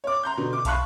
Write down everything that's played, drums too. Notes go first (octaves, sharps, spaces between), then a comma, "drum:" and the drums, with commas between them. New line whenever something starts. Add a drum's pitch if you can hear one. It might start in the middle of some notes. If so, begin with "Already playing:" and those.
C#5 D6
A#5 C6 G6
B2 D3
D6
F5 A5 B5 C#6 F#6, drum: kick, hi-hat